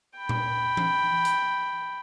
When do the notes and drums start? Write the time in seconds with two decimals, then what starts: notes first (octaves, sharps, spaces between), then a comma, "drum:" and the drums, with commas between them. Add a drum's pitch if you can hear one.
0.18 G5 B5
0.29 drum: tom A#2
0.77 drum: tom E3
1.25 drum: hi-hat